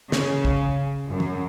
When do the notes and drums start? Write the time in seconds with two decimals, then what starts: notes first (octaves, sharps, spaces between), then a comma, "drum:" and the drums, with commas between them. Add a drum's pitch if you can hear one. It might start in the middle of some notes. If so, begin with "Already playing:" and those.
0.12 C#3, drum: snare
0.45 drum: kick
1.09 F#2
1.20 drum: tom